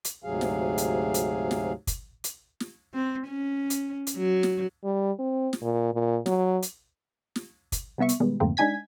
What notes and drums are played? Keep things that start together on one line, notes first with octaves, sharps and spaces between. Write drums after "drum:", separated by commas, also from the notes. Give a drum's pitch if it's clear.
drum: hi-hat
D2 G#2 C3 F#3 G#4 F5
drum: snare
drum: hi-hat
drum: hi-hat
drum: snare
drum: kick, hi-hat
drum: hi-hat
drum: snare
C4
C#4
drum: hi-hat
drum: hi-hat
F#3
drum: snare
G3
C4
drum: snare
A#2
A#2
F#3, drum: snare
drum: hi-hat
drum: snare
drum: kick, hi-hat
C3 G3 B3 E5 C#6
drum: hi-hat
B2 D#3 G3 G#3 B3
F2 G#2 D3 A3 A#3 C4
G#3 D4 D#4 G#5 G#6 B6